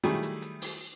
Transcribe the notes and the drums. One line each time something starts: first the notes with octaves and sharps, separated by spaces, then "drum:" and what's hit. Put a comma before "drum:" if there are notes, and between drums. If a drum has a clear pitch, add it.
D#3 F#3 G3 A3 E4 G#4, drum: hi-hat
drum: hi-hat
drum: hi-hat
drum: open hi-hat